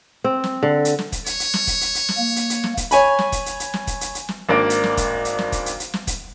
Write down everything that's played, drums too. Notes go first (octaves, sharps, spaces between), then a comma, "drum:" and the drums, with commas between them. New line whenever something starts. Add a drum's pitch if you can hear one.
C4
drum: snare
D3
drum: hi-hat
drum: snare
drum: kick, hi-hat
C#5, drum: hi-hat
drum: hi-hat
drum: snare
drum: kick, hi-hat
drum: hi-hat
drum: hi-hat
drum: snare
A#3
drum: hi-hat
drum: hi-hat
drum: snare
drum: kick, hi-hat
C#5 G#5 B5, drum: hi-hat
drum: snare
drum: kick, hi-hat
drum: hi-hat
drum: hi-hat
drum: snare
drum: kick, hi-hat
drum: hi-hat
drum: hi-hat
drum: snare
G#1 A#3 D4 D5 D7
drum: hi-hat
drum: snare
drum: kick, hi-hat
drum: hi-hat
drum: snare
drum: kick, hi-hat
drum: hi-hat
drum: hi-hat
drum: snare
drum: kick, hi-hat